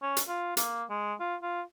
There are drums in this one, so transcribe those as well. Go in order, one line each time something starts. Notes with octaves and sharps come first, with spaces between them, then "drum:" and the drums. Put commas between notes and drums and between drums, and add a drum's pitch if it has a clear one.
C#4
drum: hi-hat
F4
A#3, drum: hi-hat
G#3
F4
F4